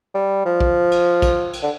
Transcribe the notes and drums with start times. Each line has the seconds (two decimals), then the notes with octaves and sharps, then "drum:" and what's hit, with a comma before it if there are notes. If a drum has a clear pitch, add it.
0.14 G3
0.45 F3
0.60 drum: kick
0.91 drum: cymbal
1.22 drum: kick, cymbal
1.53 drum: cymbal
1.62 D3